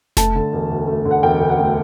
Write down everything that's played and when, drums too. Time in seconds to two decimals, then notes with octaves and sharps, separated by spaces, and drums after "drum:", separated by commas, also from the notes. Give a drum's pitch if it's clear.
0.17 A3 A5, drum: snare F1
0.35 D3
0.53 E1
0.70 D2
0.87 A3
1.05 D3
1.11 F#5
1.23 E1 G5
1.41 D2
1.49 F#5
1.58 A3